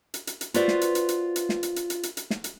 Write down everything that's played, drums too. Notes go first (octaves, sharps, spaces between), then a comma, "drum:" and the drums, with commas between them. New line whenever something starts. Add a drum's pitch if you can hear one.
drum: hi-hat
drum: hi-hat
drum: hi-hat
F4 F#4 B4 C5 D5 E5, drum: hi-hat
drum: snare
drum: hi-hat
drum: hi-hat
drum: hi-hat
drum: hi-hat
drum: snare
drum: hi-hat
drum: hi-hat
drum: hi-hat
drum: hi-hat
drum: hi-hat
drum: snare
drum: hi-hat